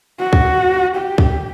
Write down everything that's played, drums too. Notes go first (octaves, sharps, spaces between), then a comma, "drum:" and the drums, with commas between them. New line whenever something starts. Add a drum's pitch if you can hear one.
F#4
drum: kick
G4
drum: kick